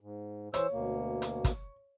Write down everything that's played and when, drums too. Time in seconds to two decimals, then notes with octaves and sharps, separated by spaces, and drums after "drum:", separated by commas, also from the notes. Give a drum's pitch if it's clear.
0.01 G#2
0.54 E3 C5 C#5 E6, drum: hi-hat
0.72 D2 B2 A#3
1.22 drum: hi-hat
1.45 drum: kick, hi-hat